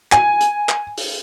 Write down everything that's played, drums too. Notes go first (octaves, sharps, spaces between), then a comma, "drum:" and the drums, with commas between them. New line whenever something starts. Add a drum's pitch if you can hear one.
G#5, drum: clap
drum: hi-hat
drum: clap
drum: open hi-hat